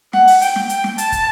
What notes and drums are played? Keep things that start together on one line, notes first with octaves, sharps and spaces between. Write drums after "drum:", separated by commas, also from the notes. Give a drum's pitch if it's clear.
F#5, drum: snare
drum: open hi-hat
G5, drum: hi-hat
drum: snare
G5, drum: hi-hat
drum: snare
A5, drum: hi-hat
drum: kick, hi-hat